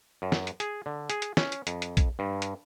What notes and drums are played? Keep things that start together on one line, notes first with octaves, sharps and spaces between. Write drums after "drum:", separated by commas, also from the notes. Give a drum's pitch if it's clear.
F#2
drum: snare
drum: hi-hat
G#4, drum: hi-hat
D3
G#4, drum: hi-hat
drum: hi-hat
C#4, drum: snare
drum: hi-hat
F2, drum: hi-hat
drum: hi-hat
drum: kick A#1, hi-hat
G2
drum: hi-hat